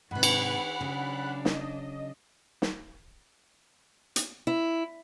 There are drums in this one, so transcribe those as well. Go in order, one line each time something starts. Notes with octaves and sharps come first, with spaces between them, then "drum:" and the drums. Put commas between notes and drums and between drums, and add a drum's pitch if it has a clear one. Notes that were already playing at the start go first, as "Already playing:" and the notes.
G#2 C3 D#3 B4 F#5 B5 F#6
drum: cymbal
C#3 F#3 D4
D#5, drum: snare
drum: snare
drum: hi-hat
E4